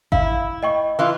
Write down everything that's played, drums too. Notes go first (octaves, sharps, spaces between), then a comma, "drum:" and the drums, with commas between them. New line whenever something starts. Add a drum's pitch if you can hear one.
E4 F5, drum: kick G#1
D#5 G5 C#6
E3 F4